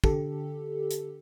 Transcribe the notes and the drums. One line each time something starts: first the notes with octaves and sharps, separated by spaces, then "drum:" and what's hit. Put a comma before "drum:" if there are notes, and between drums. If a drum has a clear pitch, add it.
D3 G4 A4, drum: kick
drum: hi-hat